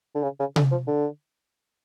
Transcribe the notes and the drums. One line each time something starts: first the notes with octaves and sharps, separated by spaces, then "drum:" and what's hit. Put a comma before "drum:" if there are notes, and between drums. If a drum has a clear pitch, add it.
D3
C#3
C#3
D3, drum: tom C3
F3
D3